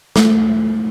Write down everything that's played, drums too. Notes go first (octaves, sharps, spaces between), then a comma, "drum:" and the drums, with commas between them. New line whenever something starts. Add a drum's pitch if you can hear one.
A3, drum: snare